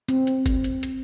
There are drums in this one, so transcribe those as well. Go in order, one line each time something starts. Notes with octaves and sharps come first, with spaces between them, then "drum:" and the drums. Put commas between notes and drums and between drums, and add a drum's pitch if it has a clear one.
C4, drum: hi-hat
drum: hi-hat
drum: kick, hi-hat
drum: hi-hat
drum: hi-hat